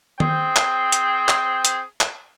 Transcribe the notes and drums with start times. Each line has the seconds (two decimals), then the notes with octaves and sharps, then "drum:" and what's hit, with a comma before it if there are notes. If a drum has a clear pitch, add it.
0.20 C4 G#4 C5 G5, drum: tom D#3
0.56 drum: clap
0.92 drum: hi-hat
1.29 drum: clap
1.65 drum: hi-hat
2.01 drum: clap